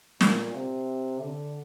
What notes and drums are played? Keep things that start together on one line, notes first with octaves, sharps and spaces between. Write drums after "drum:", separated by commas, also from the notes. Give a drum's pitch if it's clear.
A#2, drum: snare
C3
D3